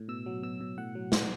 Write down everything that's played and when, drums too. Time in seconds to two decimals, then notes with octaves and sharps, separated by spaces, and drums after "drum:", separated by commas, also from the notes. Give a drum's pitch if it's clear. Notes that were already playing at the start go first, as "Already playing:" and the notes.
Already playing: A2
0.08 B2 E6
0.26 F#3
0.43 B2 E6
0.60 B2
0.77 A2 F#5
0.95 F#3
1.12 A2 D5, drum: snare